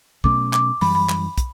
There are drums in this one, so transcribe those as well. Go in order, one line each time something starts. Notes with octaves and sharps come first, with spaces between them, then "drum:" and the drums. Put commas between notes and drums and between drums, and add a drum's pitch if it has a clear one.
B2 F#3 A3 C#4 D6, drum: kick
D6, drum: clap
F#2 E3 G3 B5, drum: open hi-hat
B5
drum: clap
drum: kick, hi-hat